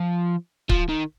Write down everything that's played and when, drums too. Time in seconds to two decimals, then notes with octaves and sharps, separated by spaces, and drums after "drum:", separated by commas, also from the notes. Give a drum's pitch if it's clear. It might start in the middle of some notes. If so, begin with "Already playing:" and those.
Already playing: F3
0.70 F3, drum: kick C#1
0.89 D#3